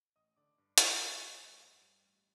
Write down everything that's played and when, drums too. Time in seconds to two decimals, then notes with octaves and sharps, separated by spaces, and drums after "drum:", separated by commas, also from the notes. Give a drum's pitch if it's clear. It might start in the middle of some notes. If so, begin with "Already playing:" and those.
0.16 A1 D#5 D#6
0.36 D3 D5 D6
0.58 G2
0.78 A1, drum: hi-hat
0.99 G2
1.19 A1
1.40 A1 C5 C6
1.61 G2
1.82 G3
2.02 A1